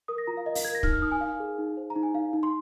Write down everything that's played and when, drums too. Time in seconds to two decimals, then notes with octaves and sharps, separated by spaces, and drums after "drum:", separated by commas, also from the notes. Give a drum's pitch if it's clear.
0.08 A#4 D#6
0.18 A#6
0.27 F4 A#5
0.37 F5
0.46 A#4 D#5
0.55 F5, drum: open hi-hat
0.65 A#4 G#6
0.75 A#6
0.83 D#4 F6, drum: kick
0.93 F6
1.02 D#4 D#6
1.12 G#5
1.21 D#4 F5
1.40 G#4
1.58 D#4
1.77 C5
1.90 A#5
1.96 D#4
2.03 G#5
2.14 D#4 F5
2.33 D#4
2.43 C6